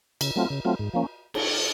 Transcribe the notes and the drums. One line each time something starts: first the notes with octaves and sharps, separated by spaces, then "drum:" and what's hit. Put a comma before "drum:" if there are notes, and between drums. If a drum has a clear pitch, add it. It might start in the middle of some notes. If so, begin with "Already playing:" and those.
C#3, drum: cymbal
F#3 A3 C4 F4
C#3
F#3 A3 C4 F4
G#2
F3 A#3 C#4
drum: cymbal